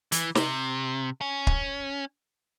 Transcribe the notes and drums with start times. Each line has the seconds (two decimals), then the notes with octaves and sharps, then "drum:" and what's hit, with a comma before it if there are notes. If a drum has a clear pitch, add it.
0.12 E3, drum: hi-hat
0.35 C3, drum: snare
1.21 C#4
1.47 drum: kick